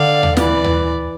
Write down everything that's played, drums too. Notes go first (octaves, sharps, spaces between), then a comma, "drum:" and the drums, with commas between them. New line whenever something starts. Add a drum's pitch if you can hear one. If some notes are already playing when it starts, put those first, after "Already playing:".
Already playing: D3 D5 F5
drum: tom D#2
E3 B4 D5, drum: snare
drum: tom D#2